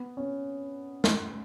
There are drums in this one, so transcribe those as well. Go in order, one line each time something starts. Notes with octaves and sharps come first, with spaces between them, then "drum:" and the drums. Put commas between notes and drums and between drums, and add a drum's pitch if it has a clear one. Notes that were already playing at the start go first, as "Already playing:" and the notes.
Already playing: B3
C#4
drum: snare